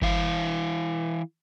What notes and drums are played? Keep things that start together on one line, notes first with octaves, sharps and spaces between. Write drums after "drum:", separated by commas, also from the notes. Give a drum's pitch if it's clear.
E3 E4 F5, drum: kick G1